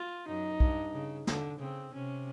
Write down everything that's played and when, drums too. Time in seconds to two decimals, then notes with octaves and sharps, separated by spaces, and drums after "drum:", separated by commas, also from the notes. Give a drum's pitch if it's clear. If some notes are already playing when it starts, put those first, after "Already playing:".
Already playing: F4
0.27 F#2 D#4
0.60 G2, drum: kick
0.93 C#3
1.27 D3, drum: snare
1.60 C#3 C4
1.93 C3 C#4